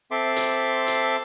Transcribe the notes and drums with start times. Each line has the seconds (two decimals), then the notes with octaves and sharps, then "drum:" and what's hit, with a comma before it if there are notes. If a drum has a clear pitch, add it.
0.11 C4 A4 E5 C6 D6
0.36 drum: hi-hat
0.87 drum: hi-hat